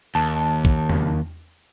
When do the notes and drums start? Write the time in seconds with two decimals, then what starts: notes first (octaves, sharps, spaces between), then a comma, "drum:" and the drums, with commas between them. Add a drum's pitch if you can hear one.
0.15 D#2 A5
0.65 drum: kick
0.89 drum: tom